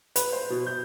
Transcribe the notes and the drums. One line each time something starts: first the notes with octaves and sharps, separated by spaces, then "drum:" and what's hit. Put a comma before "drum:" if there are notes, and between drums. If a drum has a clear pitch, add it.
B4, drum: hi-hat
C5
B2
G6